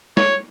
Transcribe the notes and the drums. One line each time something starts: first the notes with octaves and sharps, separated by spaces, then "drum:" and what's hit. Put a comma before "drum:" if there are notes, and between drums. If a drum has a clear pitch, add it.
C#5, drum: snare